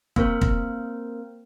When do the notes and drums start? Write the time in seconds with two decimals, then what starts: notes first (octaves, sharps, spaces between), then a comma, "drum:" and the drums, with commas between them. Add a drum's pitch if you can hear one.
0.16 A#3 C4 A#4 C5, drum: kick
0.41 drum: kick